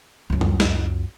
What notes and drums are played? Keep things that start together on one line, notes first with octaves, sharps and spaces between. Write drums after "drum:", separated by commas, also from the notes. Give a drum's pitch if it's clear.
C#2 F#2
drum: tom F2
drum: snare